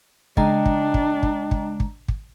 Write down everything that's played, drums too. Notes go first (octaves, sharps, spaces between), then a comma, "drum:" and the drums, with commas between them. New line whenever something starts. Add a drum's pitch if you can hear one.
C#3 G#3 D4 D#5 G5 A#5, drum: kick
drum: kick
drum: kick
drum: kick
drum: kick
drum: kick
drum: kick